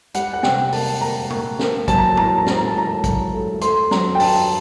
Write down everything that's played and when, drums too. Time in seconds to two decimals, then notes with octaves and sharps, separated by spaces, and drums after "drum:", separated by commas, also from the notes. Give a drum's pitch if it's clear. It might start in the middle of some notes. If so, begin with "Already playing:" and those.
0.14 G3 F#5, drum: hi-hat
0.33 F#5
0.43 C3 G5, drum: snare
0.72 A#3 A5, drum: open hi-hat
1.01 A#3 A#5
1.30 A#3, drum: tom
1.59 A#3, drum: snare
1.88 F#3 A5, drum: kick, hi-hat
1.98 A#5
2.08 A5
2.17 A2 A#5, drum: tom
2.28 A5
2.38 A#5
2.46 A2 A5, drum: snare
2.58 A#5
2.68 A5
2.75 A2 A#5
2.87 A5
3.04 F#3, drum: kick, hi-hat
3.33 A3
3.61 A3 C6, drum: hi-hat
3.91 F#3 A#5, drum: snare
4.15 G5
4.20 G2 A5, drum: open hi-hat